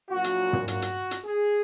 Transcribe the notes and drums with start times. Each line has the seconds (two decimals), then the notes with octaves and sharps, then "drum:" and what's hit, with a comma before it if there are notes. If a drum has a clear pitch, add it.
0.10 A#1 A#2 F#3 F#4
0.24 drum: hi-hat
0.53 drum: tom
0.68 F#4, drum: hi-hat
0.82 drum: hi-hat
1.11 drum: hi-hat
1.25 G#4